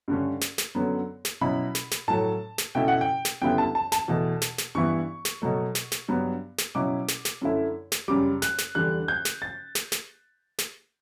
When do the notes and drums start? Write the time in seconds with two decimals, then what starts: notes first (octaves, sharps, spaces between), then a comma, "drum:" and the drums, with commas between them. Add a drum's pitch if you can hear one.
0.08 G2 D3 A3 C#4
0.41 drum: snare
0.58 drum: snare
0.75 F#2 D3 F#3 B3
1.25 drum: snare
1.41 B2 F#3 C#4 E4 B5
1.75 drum: snare
1.91 drum: snare
2.08 A2 F#3 A3 A5
2.58 drum: snare
2.75 B2 A3 C#4 E4 G5
2.88 F#5
3.01 G5
3.25 drum: snare
3.42 F#2 D3 G3 B3 E4 G5
3.58 A5
3.75 A5
3.92 A5, drum: snare
4.08 E2 B2 A3 E4
4.42 drum: snare
4.58 drum: snare
4.75 G2 E3 B3 E4 C#6
5.25 drum: snare
5.42 B2 F#3 A3
5.75 drum: snare
5.92 drum: snare
6.08 G2 F#3 B3
6.58 drum: snare
6.75 B2 F#3 C#4 E4 D6
7.08 drum: snare
7.25 drum: snare
7.41 F#2 D3 A3 E4
7.92 drum: snare
8.08 F#2 C#3 G3 D6
8.42 F#6, drum: snare
8.58 drum: snare
8.75 E2 D3 G3 F#6
9.08 G6
9.25 drum: snare
9.42 A6
9.75 drum: snare
9.92 drum: snare
10.59 drum: snare